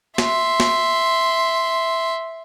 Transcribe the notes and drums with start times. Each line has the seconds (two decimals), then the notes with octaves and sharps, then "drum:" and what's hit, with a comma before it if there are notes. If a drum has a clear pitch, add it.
0.18 E5 C6, drum: snare
0.60 drum: snare